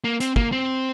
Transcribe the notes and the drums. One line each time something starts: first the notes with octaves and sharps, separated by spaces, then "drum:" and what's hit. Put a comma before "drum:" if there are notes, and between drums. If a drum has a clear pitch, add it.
A#3
C4, drum: hi-hat
A#3, drum: kick
C4